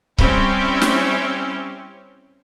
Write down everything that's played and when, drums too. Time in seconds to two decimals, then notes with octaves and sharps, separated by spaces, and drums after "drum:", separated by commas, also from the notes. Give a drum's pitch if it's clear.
0.18 G3 C4 C#4 E4 G4, drum: kick C#1
0.82 drum: snare